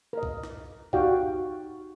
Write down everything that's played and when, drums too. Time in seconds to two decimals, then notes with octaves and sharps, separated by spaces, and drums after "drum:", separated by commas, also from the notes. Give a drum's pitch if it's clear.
0.13 A#4 D#5
0.23 drum: kick C2
0.43 drum: snare
0.93 D#4 F#4 G4 D5 F5 G5, drum: kick C2